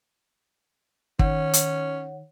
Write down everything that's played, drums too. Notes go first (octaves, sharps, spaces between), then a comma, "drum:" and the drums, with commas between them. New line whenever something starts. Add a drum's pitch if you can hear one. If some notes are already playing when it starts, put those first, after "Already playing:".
D#3 C#4 C#5 F#5, drum: kick
drum: hi-hat